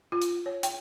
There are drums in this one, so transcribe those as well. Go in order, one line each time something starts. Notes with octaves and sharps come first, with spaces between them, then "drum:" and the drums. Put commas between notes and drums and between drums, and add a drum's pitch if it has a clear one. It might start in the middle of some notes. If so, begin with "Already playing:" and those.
F4
drum: hi-hat
C#5
G5, drum: hi-hat